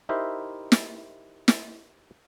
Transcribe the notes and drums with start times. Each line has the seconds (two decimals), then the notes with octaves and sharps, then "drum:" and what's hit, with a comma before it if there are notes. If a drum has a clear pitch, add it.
0.09 D#4 E4 G4 A#4 C5 E5
0.72 drum: snare
1.48 drum: snare